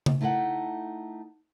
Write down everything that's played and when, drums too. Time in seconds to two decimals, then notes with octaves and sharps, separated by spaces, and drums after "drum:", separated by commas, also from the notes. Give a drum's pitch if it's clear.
0.06 drum: tom C#3
0.21 A3 D#4 E4 A4 F#5